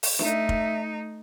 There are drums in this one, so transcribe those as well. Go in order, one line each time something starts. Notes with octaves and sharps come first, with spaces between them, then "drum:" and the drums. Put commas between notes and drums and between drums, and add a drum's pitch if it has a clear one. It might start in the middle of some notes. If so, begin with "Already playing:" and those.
drum: open hi-hat
A3 D#4 E5, drum: snare D4
drum: kick